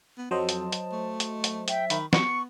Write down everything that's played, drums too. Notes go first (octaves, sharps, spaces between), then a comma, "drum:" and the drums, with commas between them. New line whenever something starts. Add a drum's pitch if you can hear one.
B3
F2 F#3 C5 D#5 A5
drum: hi-hat
drum: hi-hat
A3
drum: hi-hat
drum: hi-hat
E5 G5, drum: hi-hat
D#3 B5, drum: hi-hat
B3 C#6 C#7, drum: snare